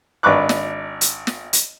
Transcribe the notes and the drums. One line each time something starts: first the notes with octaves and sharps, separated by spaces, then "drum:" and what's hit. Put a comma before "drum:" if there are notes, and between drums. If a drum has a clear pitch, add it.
G#1 D4 B4 C#6 D6 F#6
drum: snare
drum: hi-hat
drum: snare
drum: hi-hat